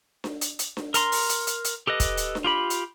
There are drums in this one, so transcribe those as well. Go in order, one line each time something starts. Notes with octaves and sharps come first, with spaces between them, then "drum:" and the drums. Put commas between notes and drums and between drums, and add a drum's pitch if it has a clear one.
drum: snare D4
drum: hi-hat
drum: hi-hat
drum: snare D4
A#4 A#5 C6, drum: hi-hat
drum: open hi-hat
drum: hi-hat
drum: hi-hat
drum: hi-hat
G4 A4 B4 D#5
drum: kick, hi-hat
drum: hi-hat
drum: snare D4
F4 G4 B5
drum: hi-hat